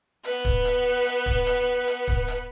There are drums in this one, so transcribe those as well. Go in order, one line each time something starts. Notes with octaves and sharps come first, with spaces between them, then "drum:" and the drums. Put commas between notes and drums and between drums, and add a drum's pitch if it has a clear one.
B3 B4, drum: hi-hat
drum: kick
drum: hi-hat
drum: hi-hat
drum: kick
drum: hi-hat
drum: hi-hat
drum: kick
drum: hi-hat